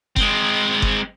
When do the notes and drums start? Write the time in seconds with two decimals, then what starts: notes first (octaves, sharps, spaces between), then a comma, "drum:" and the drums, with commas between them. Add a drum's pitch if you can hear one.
0.16 G#3 C4, drum: kick F#1
0.82 drum: kick F#1